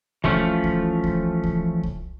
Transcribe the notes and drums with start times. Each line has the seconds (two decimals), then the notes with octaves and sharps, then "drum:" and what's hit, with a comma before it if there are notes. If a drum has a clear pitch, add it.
0.24 E3 F3 A3 C#4 F4, drum: kick C2
0.64 drum: kick C2
1.04 drum: kick C2
1.44 drum: kick C2
1.83 drum: kick C2